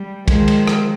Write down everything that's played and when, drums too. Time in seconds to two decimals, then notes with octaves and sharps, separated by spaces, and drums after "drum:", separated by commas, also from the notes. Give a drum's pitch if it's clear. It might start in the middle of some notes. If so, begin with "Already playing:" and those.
Already playing: G3
0.28 D#3 F3 G#3, drum: kick, cymbal
0.48 drum: cymbal
0.68 drum: rim click